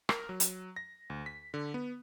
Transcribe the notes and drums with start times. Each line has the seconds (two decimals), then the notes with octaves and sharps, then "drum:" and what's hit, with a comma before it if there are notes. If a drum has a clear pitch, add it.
0.09 A#4, drum: rim click
0.29 F#3
0.40 drum: hi-hat
0.76 A#6
1.10 D2
1.26 B6
1.54 D3
1.74 B3